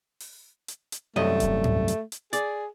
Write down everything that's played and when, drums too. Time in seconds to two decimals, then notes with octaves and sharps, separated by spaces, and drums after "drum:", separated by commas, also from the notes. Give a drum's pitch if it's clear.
0.20 drum: open hi-hat
0.68 drum: hi-hat
0.92 drum: hi-hat
1.16 C2 F#2 A3 D#5
1.40 drum: kick D#1, hi-hat
1.64 drum: tom G#2
1.88 drum: hi-hat
2.12 drum: hi-hat
2.33 G#4 D5, drum: hi-hat